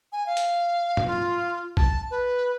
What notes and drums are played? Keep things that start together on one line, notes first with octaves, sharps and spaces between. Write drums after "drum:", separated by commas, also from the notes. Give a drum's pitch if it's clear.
G#5
F5
drum: hi-hat
drum: tom G#2
F4
A5, drum: kick
B4